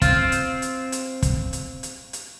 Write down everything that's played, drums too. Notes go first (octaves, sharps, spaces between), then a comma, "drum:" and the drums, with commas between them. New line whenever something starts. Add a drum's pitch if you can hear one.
C4 F4, drum: kick, hi-hat
drum: hi-hat
drum: hi-hat
drum: hi-hat
drum: kick, hi-hat
drum: hi-hat
drum: hi-hat
drum: hi-hat